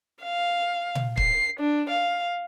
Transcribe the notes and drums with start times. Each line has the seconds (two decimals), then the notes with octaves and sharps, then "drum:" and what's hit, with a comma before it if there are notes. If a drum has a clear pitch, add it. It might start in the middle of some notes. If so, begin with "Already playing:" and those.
0.23 F5
0.95 drum: tom A#2
1.17 C7, drum: kick
1.60 D4
1.89 F5